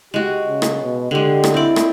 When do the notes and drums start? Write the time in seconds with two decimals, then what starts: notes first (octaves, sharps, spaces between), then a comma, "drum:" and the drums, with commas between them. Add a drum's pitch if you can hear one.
0.14 G#3 F#4 G4
0.45 C#3
0.62 drum: rim click
0.82 B2
1.11 D3 G#3 G4
1.44 drum: rim click
1.54 C4 E4 D5
1.76 drum: rim click